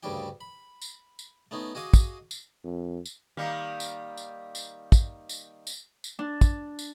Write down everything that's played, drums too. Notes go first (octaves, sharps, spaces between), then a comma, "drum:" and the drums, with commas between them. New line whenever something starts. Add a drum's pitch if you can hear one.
D2 G2 C#3 G3 G4 G5
B5
drum: tambourine
drum: tambourine
A3 B3 C#4 D#4
F#4 G#4 D#5 F5 D6
drum: kick, tambourine
drum: tambourine
F2
drum: tambourine
D#3 G3 A#3
drum: tambourine
drum: tambourine
drum: tambourine
drum: kick, tambourine
drum: tambourine
drum: tambourine
drum: tambourine
D4
drum: kick, tambourine
drum: tambourine